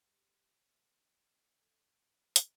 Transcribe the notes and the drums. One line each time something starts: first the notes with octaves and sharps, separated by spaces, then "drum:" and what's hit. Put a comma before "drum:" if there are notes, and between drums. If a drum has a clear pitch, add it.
G4
A4
G#4, drum: hi-hat